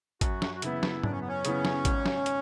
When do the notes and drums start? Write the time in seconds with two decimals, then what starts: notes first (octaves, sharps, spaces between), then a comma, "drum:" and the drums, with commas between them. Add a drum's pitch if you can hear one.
0.21 F#2 F#4, drum: kick G#1, hi-hat
0.42 drum: snare
0.56 F#4
0.62 C#3 E3 B3 E4, drum: hi-hat
0.83 drum: snare
1.03 F#2 D4, drum: tom G#2
1.11 C#4
1.20 B3
1.28 C#4
1.45 C#3 E3 B3, drum: hi-hat
1.65 drum: snare
1.85 G#1, drum: kick G#1, hi-hat
2.06 drum: snare
2.26 drum: hi-hat